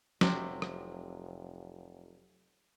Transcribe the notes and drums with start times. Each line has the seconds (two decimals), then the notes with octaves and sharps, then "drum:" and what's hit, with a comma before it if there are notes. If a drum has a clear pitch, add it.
0.21 F1 C3 F#3 C5 D6, drum: snare
0.62 drum: rim click